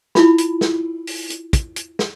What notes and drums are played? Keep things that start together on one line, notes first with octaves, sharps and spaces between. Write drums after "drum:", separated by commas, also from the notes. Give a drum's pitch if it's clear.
E4 F4 B5, drum: snare
drum: hi-hat
drum: snare
drum: open hi-hat
drum: hi-hat
drum: kick, hi-hat
drum: hi-hat
drum: snare